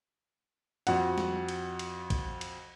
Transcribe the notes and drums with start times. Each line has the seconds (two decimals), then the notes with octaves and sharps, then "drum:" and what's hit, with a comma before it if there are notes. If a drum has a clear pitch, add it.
0.87 F2 F#4 F#5, drum: cymbal
1.18 drum: snare
1.49 drum: cymbal
1.79 drum: cymbal
2.10 drum: kick, cymbal
2.41 drum: cymbal